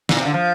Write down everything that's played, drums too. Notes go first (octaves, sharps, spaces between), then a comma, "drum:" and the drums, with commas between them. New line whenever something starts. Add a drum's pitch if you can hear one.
A#2, drum: snare
C3
D3
F3